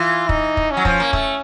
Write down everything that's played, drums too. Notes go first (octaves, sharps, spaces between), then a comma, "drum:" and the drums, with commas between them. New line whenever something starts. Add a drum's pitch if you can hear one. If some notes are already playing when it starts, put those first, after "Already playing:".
Already playing: E3 F4
D#4, drum: kick
drum: kick
C#4
F#3
F3, drum: kick
A#3
A3, drum: kick